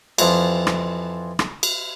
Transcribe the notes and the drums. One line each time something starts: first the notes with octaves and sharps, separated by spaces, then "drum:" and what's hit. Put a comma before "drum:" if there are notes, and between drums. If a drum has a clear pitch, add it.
F2 E3 F3, drum: cymbal
drum: rim click
drum: rim click
drum: cymbal